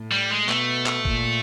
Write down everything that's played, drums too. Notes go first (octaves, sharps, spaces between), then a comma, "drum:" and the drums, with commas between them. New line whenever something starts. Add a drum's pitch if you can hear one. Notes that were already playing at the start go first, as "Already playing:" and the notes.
Already playing: A2
G3
G#3
B2 A3, drum: clap
drum: clap
A#2, drum: kick